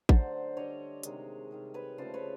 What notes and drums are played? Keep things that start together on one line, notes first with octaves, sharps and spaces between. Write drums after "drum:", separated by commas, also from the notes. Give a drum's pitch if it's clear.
D3 F#3 A3 C5 D5, drum: kick A1
D3 G3 C#5 D#5
C3 D#3 G#3, drum: hi-hat
C3 D#3 G3
B4 C#5
C#3 F3 A3 C5 D5
B4 C#5